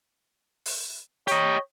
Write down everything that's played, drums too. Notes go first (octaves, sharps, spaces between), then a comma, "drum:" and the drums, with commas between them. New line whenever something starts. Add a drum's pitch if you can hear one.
drum: open hi-hat
G4 C#5 D#5, drum: hi-hat